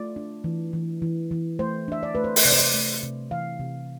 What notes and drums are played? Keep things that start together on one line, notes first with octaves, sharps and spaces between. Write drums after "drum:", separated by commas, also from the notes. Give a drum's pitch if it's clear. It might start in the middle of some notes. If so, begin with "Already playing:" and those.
Already playing: A3 F4 D5
D4
E3
E3
E3
E3
A3 C5
D4 E5
D5
A3 B4
C5
drum: open hi-hat
C3 D5
C5
D5
A3
C3
E3 F5
C3